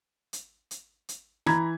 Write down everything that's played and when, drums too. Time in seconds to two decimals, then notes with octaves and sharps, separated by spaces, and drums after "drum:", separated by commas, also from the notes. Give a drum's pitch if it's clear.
0.33 drum: hi-hat
0.71 drum: hi-hat
1.09 drum: hi-hat
1.46 E3 A#5 B5 G#6, drum: rim click